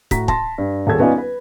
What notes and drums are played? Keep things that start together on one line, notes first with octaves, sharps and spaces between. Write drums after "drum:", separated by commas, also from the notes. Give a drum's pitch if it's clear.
A2 F#4 A#5 B6, drum: kick, hi-hat
A5 C6 A#6, drum: kick
G2
D#1 G#4 A4 G#6
B3 C#4 D#4 F4 D5 G#5
B4